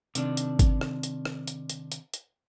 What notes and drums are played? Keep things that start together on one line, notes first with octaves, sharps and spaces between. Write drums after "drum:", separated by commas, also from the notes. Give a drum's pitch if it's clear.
C3 D#3 D4, drum: hi-hat
drum: hi-hat
drum: kick G#1, hi-hat
drum: rim click
drum: hi-hat
drum: rim click
drum: hi-hat
drum: hi-hat
drum: hi-hat
drum: hi-hat